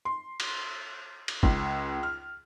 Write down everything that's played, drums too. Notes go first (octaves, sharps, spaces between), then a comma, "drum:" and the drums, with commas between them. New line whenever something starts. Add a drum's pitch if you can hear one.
C6
drum: cymbal
drum: cymbal
C#2, drum: kick
F6